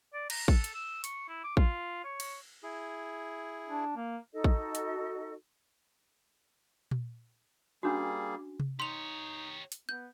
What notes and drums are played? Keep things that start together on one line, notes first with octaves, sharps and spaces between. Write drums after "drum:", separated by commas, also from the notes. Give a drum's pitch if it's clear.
D5
A#5, drum: cymbal
A4, drum: kick
drum: hi-hat
E6
C#6, drum: hi-hat
E4
D6
F4, drum: kick
C#5
drum: cymbal
E4 G#4
D4
A#3
D#4 F#4 A4 D#5
drum: kick
drum: hi-hat
drum: tom A#2
G3 A#3 C#4 D4 F#4 G#4
drum: tom C3
D#4 G4 C#5 C6 F7
drum: hi-hat
B3 G6